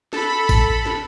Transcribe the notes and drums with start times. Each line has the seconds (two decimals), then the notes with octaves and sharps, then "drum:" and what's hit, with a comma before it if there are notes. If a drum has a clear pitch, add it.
0.13 A4 B5, drum: snare
0.49 drum: kick, tambourine
0.86 drum: snare